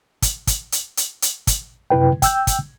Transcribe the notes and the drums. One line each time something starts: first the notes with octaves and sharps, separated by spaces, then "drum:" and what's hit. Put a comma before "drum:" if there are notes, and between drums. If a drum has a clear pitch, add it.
drum: kick, hi-hat
drum: kick, hi-hat
drum: hi-hat
drum: hi-hat
drum: hi-hat
drum: kick, hi-hat
F#2 C3 E4 B4 G5
G5 E6 G6, drum: kick, hi-hat
drum: kick, hi-hat